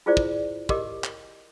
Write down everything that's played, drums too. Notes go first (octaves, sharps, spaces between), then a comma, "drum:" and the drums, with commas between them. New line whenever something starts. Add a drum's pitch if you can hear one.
E4 F4 G#4 C5 D5
drum: kick
G4 A#4 D#5 D6, drum: kick
drum: clap